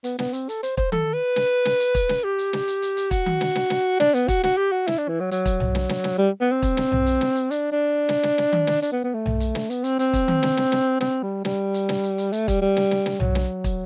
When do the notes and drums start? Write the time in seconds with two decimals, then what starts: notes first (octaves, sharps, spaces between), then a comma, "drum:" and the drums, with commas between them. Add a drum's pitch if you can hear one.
0.04 B3, drum: hi-hat
0.19 B3, drum: snare
0.33 C4, drum: hi-hat
0.49 A4, drum: hi-hat
0.63 C5, drum: hi-hat
0.77 C5, drum: kick
0.92 A4, drum: tom D#3
1.14 B4
1.36 drum: snare
1.65 drum: snare
1.80 drum: hi-hat
1.95 drum: kick, hi-hat
2.09 drum: snare
2.24 G4
2.38 drum: hi-hat
2.53 drum: snare
2.68 drum: hi-hat
2.82 drum: hi-hat
2.97 drum: hi-hat
3.11 F#4, drum: kick, hi-hat
3.26 drum: tom D#3
3.41 drum: snare
3.55 drum: snare
3.70 drum: snare
4.00 D4, drum: snare
4.14 B3, drum: hi-hat
4.28 F#4, drum: kick, hi-hat
4.43 F#4, drum: snare
4.57 G4
4.72 F#4
4.87 E4, drum: snare
4.98 D4
5.08 E3
5.20 F#3
5.31 F#3, drum: hi-hat
5.45 drum: kick, hi-hat
5.60 drum: tom B1
5.75 drum: snare
5.89 drum: snare
6.04 drum: snare
6.18 G3
6.41 B3
6.52 C4
6.62 drum: kick, hi-hat
6.77 drum: snare
6.92 drum: tom B1
7.06 drum: hi-hat
7.21 drum: snare
7.36 drum: hi-hat
7.51 D4, drum: hi-hat
7.72 D4
8.09 drum: snare
8.23 drum: snare
8.38 drum: snare
8.53 drum: tom D#3
8.67 drum: snare
8.82 D4, drum: hi-hat
8.92 B3
9.04 B3
9.14 A3
9.26 drum: tom B1
9.40 drum: hi-hat
9.55 drum: snare
9.70 B3, drum: hi-hat
9.84 C4, drum: hi-hat
9.99 C4, drum: hi-hat
10.13 drum: kick, hi-hat
10.28 drum: tom D#3
10.43 drum: snare
10.57 drum: snare
10.72 drum: snare
11.01 C4, drum: snare
11.23 G3
11.45 G3, drum: snare
11.74 drum: hi-hat
11.89 drum: snare
12.03 drum: hi-hat
12.18 drum: hi-hat
12.33 A3, drum: hi-hat
12.48 G3, drum: kick, hi-hat
12.62 G3
12.77 drum: snare
12.91 drum: snare
13.06 drum: snare
13.20 F#3, drum: tom B1
13.35 drum: snare
13.64 drum: kick, hi-hat